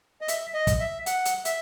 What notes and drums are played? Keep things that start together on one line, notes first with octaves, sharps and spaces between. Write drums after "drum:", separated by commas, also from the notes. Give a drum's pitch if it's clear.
D#5
E5, drum: hi-hat
D#5
drum: kick, hi-hat
E5
F#5, drum: hi-hat
drum: hi-hat
E5, drum: hi-hat